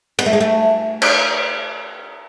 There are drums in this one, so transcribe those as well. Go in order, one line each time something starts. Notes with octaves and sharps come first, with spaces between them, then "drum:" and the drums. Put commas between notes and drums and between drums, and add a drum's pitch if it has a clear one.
B3, drum: cymbal
A3
G#3
A3
drum: cymbal